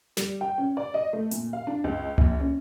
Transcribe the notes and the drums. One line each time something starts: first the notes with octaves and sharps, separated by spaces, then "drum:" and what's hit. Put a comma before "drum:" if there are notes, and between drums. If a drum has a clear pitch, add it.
G3, drum: snare
G5
C#4
D5
D#5
A3
A#2, drum: hi-hat
F5
D4
C#2
A#1, drum: tom C#2
C#4